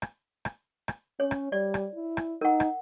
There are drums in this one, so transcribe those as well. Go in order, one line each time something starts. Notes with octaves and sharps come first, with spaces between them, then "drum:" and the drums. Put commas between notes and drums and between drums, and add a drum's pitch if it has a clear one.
drum: rim click
drum: rim click
drum: rim click
C#4 C#5
drum: rim click
G3 D5
drum: rim click
E4
drum: rim click
D#4 A#4 F#5
drum: rim click